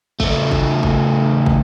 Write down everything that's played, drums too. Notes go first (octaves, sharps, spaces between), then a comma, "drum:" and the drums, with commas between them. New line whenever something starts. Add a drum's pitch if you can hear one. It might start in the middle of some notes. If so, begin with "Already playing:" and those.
C#3 A3, drum: kick
drum: kick
drum: kick
drum: kick